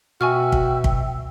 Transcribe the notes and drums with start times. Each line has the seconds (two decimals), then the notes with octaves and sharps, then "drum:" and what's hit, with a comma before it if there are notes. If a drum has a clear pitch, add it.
0.21 B2 F#4 E5 G5 G#5 C#6 E6 F6
0.52 drum: kick
0.84 drum: kick